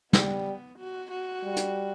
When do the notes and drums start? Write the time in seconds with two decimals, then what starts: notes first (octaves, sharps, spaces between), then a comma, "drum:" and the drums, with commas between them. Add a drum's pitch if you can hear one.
0.13 G3 B3, drum: snare
0.78 F#4
1.11 F#4
1.44 G3
1.57 drum: hi-hat